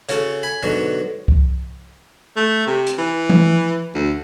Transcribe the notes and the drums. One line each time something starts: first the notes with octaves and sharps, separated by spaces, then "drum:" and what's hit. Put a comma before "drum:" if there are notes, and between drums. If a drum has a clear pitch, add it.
C#3 C#4 F#4 A4, drum: hi-hat
G#5 B5
G#2 B2 D3 F#3 F#4
drum: kick C2
A3
C3
drum: hi-hat
E3
drum: tom E3
D2